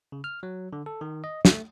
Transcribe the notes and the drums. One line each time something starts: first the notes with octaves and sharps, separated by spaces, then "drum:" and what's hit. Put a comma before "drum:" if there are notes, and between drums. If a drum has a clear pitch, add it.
C#3
F6
F#3
D3
A4
D#3
D#5
A3, drum: snare